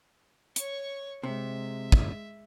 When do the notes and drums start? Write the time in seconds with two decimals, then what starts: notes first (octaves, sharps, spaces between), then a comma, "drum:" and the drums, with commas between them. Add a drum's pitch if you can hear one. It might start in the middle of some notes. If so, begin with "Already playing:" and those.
0.56 C#5 C#6, drum: hi-hat
1.23 C3 G#3 E5
1.92 drum: kick